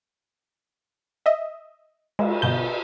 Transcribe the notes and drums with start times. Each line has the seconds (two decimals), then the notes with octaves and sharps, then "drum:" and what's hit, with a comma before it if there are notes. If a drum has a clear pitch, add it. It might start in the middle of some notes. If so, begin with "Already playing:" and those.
1.26 D#5 E5
2.19 G#3, drum: cymbal
2.42 G1 B2 G6